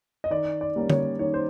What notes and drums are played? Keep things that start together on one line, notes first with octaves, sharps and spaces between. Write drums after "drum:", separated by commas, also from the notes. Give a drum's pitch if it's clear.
D#5
D#3 D5
D5
G3 A#3 C#4
C#5, drum: tom D3
D#3 C#5
C5